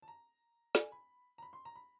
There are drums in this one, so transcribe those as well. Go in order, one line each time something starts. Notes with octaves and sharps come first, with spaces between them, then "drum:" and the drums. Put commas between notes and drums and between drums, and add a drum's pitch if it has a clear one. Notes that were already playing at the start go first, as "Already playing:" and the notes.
A5
A#5
G#5, drum: snare
B5
A#5
B5
C6
A#5
B5